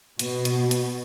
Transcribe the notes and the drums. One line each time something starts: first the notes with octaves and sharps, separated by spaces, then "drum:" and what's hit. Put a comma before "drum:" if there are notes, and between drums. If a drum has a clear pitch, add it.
B2, drum: hi-hat
drum: hi-hat
drum: hi-hat